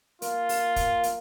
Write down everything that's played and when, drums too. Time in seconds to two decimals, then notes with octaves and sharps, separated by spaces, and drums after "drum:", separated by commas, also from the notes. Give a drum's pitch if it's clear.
0.22 A#3 F4, drum: hi-hat
0.49 drum: open hi-hat
0.76 drum: kick, hi-hat
1.03 drum: hi-hat